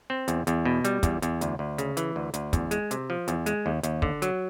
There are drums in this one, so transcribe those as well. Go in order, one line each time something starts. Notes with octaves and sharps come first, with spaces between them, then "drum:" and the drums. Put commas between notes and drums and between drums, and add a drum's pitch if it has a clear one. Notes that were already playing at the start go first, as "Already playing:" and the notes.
C4
E2, drum: hi-hat
E2, drum: hi-hat
B2
G3, drum: hi-hat
E2, drum: kick, hi-hat
E2, drum: hi-hat
D2, drum: hi-hat
D2
C#3, drum: hi-hat
E3, drum: hi-hat
D2
D2, drum: hi-hat
E2, drum: kick, hi-hat
G#3, drum: hi-hat
C3, drum: hi-hat
F3
E2, drum: hi-hat
G#3, drum: hi-hat
D#2
D#2, drum: hi-hat
D3, drum: kick
F#3, drum: hi-hat